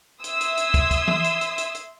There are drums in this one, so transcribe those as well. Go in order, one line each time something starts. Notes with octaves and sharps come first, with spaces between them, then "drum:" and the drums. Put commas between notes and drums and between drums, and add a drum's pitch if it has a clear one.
E5 C6 D#6 E6 G#6, drum: hi-hat
drum: hi-hat
drum: hi-hat
drum: kick, hi-hat
drum: kick, hi-hat
drum: tom E3
drum: hi-hat
drum: hi-hat
drum: hi-hat
drum: hi-hat